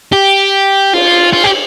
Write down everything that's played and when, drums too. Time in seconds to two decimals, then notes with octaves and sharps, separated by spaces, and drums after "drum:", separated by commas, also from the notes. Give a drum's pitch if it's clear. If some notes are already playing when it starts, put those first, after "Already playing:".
0.12 G4
0.94 F4, drum: cymbal
1.33 F4
1.44 G4